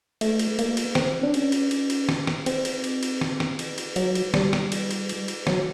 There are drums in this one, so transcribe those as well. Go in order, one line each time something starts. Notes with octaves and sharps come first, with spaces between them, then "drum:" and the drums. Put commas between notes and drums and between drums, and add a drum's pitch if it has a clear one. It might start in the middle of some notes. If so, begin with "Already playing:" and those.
A3, drum: cymbal
drum: cymbal
A#3, drum: cymbal
drum: cymbal
C4, drum: snare
D4
C#4, drum: cymbal
drum: cymbal
drum: cymbal
drum: cymbal
drum: snare
drum: snare
C4, drum: cymbal
drum: cymbal
drum: cymbal
drum: cymbal
drum: snare
drum: snare
drum: cymbal
drum: cymbal
F#3, drum: cymbal
drum: cymbal
G3, drum: snare
drum: snare
drum: cymbal
drum: cymbal
drum: cymbal
drum: cymbal
F#3, drum: snare